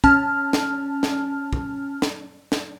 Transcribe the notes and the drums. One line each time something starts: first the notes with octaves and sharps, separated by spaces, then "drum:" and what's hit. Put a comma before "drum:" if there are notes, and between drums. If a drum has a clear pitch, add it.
C#4 A5 F6, drum: kick
drum: snare
drum: snare
drum: kick
drum: snare
drum: snare